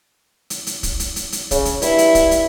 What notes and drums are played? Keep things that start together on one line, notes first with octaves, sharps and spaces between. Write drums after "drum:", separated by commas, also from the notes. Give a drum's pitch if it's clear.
drum: hi-hat
drum: hi-hat
drum: kick, hi-hat
drum: hi-hat
drum: hi-hat
drum: hi-hat
C#3, drum: kick, hi-hat
drum: hi-hat
G2 E4, drum: hi-hat
drum: hi-hat
drum: kick, hi-hat
drum: hi-hat